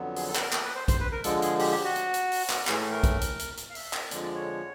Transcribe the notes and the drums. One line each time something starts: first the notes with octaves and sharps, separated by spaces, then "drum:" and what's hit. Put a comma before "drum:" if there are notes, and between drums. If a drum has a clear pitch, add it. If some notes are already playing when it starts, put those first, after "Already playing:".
Already playing: F2 D3 F#3 B3
G#4, drum: open hi-hat
A4
B4, drum: clap
A#4
A#4, drum: clap
B4
C5
C5, drum: kick A#1, hi-hat
B4
A#4
D3 F3 G#3 A4, drum: hi-hat
G#4, drum: hi-hat
G4, drum: open hi-hat
G4
F#4
drum: hi-hat
drum: hi-hat
drum: open hi-hat
drum: clap
A2 E3 A3 G#4, drum: clap
A4
A#4
drum: kick A#1, hi-hat
drum: hi-hat
drum: hi-hat
drum: hi-hat
F5
E5, drum: open hi-hat
drum: clap
F2 D3 F3 G#3 D5, drum: hi-hat
D5
C#5